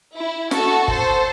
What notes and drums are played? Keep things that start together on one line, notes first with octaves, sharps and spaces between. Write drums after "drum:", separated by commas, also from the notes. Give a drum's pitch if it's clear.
E4
F#4 A4, drum: snare
A4 C5, drum: kick G1